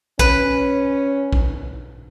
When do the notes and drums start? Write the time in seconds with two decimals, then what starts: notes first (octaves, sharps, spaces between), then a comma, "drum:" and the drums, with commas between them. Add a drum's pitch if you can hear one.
0.19 C#4 B4, drum: kick A#1
1.33 drum: kick A#1